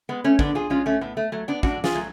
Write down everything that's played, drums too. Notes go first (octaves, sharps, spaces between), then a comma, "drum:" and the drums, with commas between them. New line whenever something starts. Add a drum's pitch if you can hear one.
G#3 B3
A3 C#4
D3 B3 D4, drum: kick
F4 G#4
G#3 C#4 F4
A3 C#4
A2 B3
A3
F#3 A3
B3 D4
A2 D4 F#4, drum: kick
F4 G#4, drum: snare
F#3 A3